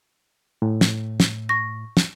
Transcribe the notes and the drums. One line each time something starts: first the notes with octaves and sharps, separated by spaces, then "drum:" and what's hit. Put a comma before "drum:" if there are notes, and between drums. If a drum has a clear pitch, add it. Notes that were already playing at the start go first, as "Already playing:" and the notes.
A2
drum: snare
drum: snare
C#6 A#6
drum: snare